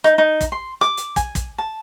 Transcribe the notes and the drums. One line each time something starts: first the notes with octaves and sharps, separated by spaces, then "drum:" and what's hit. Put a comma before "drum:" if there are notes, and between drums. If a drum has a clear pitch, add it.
D#4, drum: rim click
D#4
drum: kick, hi-hat
C6
D6, drum: rim click
drum: hi-hat
G#5, drum: kick, hi-hat
drum: kick, hi-hat
A5